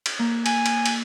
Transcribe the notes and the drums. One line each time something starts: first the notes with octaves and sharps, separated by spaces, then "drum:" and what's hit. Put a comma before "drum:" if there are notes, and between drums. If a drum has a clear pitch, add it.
drum: cymbal
A#3
G#5, drum: cymbal
drum: cymbal
drum: cymbal